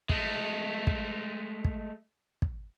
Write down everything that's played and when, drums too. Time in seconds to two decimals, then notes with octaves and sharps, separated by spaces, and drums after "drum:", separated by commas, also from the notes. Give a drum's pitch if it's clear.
0.09 G#3 A3, drum: kick
0.87 drum: kick
1.65 drum: kick
2.42 drum: kick